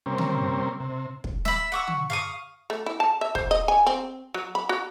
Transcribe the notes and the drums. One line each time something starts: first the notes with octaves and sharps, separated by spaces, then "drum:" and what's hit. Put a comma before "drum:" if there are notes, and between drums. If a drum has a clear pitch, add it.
C3 G3 A#3 C4 C#4
drum: tom
C3
drum: kick
E5 B5, drum: snare
F#5 C#6 E6
drum: tom
F5 C#6 D#6
A3
E4
A5
E5
C5, drum: kick
D#5
G#5
C4
F#3
B5
F#4